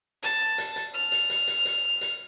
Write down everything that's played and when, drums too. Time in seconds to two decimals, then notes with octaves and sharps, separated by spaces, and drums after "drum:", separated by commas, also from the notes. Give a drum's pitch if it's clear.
0.23 A5, drum: hi-hat
0.58 drum: hi-hat
0.76 drum: hi-hat
0.94 F6
1.12 drum: hi-hat
1.30 drum: hi-hat
1.48 drum: hi-hat
1.65 drum: hi-hat
2.01 drum: hi-hat